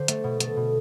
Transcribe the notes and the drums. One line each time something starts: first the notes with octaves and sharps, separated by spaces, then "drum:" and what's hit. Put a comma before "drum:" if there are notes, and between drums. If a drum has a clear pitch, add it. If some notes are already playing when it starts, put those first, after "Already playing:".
Already playing: D3 C5
A3, drum: hi-hat
B2
A3 A4, drum: hi-hat
B2